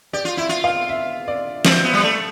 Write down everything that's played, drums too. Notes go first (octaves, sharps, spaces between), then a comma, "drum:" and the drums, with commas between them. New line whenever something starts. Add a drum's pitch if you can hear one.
G4 D5
F4
E4 E5
F4
F5
E5
D5
C4, drum: snare
B3
G3
A3